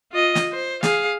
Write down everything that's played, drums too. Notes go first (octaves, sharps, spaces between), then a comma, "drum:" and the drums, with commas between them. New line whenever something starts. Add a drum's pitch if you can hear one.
F4 D#5
drum: snare
C5
G#4 F5, drum: snare